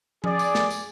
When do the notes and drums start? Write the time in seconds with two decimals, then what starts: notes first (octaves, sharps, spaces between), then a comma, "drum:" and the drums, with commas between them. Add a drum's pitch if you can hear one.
0.24 G#4 D5, drum: tom F3
0.39 drum: tambourine
0.55 drum: snare
0.70 drum: tambourine